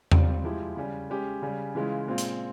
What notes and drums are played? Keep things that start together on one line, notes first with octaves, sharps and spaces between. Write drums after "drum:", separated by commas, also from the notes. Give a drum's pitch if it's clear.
C3 G3 C4 F4, drum: tom E2
F3 G#3 E4 G4
C#3 G3 C#4
G#3 C#4 G4
C#3 G3 C#4
C#3 E3 G#3 C#4 F4
A#2 G#3 C4 F4
drum: hi-hat